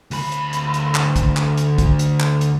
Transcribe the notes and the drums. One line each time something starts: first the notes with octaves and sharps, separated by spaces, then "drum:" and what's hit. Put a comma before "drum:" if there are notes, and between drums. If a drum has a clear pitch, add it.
D2 B5, drum: open hi-hat
drum: hi-hat
drum: hi-hat
drum: hi-hat
drum: clap
drum: kick, hi-hat
drum: clap
drum: hi-hat
drum: kick, hi-hat
drum: hi-hat
drum: clap
drum: hi-hat